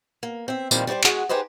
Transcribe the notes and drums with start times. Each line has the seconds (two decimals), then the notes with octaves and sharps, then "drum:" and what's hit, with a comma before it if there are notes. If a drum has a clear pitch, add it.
0.23 A#3
0.48 C4 E5
0.71 A#2 D#3 F3 G3 C4 E4, drum: tambourine
0.87 G3 D#4 F#4 C5 D5
1.04 G#3 F#4 G#4, drum: clap
1.29 D#4 G4 G#4 B4 C5 D#5